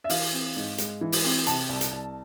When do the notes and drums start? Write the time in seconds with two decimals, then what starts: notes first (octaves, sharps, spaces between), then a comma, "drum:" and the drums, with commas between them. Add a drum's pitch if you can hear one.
0.04 E5
0.09 E3 F5, drum: open hi-hat
0.32 C4
0.56 G#2
0.78 G#3, drum: hi-hat
1.01 E3
1.12 drum: open hi-hat
1.24 C4
1.46 C3 A5, drum: hi-hat
1.69 C2
1.81 drum: hi-hat
1.92 C2